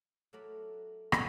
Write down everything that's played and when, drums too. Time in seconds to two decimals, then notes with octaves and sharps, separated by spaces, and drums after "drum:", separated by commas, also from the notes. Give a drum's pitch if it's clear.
0.33 F#3 A3 E4 A#4 D5 B5
1.12 drum: rim click